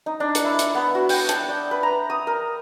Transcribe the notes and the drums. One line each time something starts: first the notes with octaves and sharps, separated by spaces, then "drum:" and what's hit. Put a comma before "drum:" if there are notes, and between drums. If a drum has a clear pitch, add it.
D#4
D4
drum: hi-hat
E4
drum: hi-hat
B3
F#4
G5, drum: open hi-hat
A5, drum: hi-hat
D5
B4
A#5
D#6
A#4